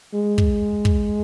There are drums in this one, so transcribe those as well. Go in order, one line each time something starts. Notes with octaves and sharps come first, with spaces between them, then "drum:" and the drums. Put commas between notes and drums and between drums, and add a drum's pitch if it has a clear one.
G#3
drum: kick
drum: kick